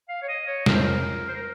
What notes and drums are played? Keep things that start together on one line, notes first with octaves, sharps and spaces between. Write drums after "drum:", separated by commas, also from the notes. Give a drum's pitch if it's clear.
F5
C#5
D#5
C#5
F2 C#3 G#3 C#4 A#4, drum: snare
C5
A#4
C5
A#4